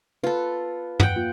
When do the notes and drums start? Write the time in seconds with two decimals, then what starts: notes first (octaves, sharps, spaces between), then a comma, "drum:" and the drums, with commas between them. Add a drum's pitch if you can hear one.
0.24 F4 A4 B4
1.00 F#5 G5, drum: tom
1.16 A#3 F4